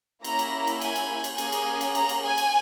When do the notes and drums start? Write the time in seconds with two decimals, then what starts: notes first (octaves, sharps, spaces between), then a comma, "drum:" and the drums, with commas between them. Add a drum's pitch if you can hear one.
0.24 A#3 C#4 E4 A#5, drum: cymbal
0.39 drum: cymbal
0.67 drum: cymbal
0.81 G#5, drum: cymbal
0.96 drum: cymbal
1.24 drum: cymbal
1.38 A#3 C#4 G#4 G#5, drum: cymbal
1.52 drum: cymbal
1.81 drum: cymbal
1.95 A#5, drum: cymbal
2.09 drum: cymbal
2.24 G#5
2.37 drum: cymbal